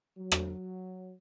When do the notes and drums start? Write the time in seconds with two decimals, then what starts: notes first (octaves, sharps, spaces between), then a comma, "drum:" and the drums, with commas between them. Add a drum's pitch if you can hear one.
0.17 F#3
0.32 drum: rim click